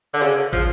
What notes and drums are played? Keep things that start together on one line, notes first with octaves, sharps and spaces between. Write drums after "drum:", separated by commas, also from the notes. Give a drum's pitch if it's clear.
D3
C#3
F3, drum: kick, hi-hat